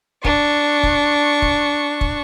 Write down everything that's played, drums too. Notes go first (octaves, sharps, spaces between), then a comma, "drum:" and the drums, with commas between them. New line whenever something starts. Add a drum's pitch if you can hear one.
D4 C#6, drum: kick
drum: kick
drum: kick
drum: kick